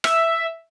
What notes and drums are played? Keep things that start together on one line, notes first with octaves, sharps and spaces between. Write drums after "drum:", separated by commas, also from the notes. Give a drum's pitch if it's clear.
E5, drum: rim click